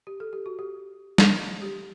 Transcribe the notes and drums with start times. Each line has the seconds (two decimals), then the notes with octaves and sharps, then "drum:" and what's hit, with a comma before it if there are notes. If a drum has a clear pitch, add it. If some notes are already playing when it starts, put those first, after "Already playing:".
0.07 G4
0.20 A4
0.33 G4
0.46 F#4
0.59 G4
1.18 drum: snare
1.62 G4